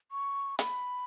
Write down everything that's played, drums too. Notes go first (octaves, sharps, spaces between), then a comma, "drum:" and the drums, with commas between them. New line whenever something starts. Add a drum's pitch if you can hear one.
C#6
B5, drum: hi-hat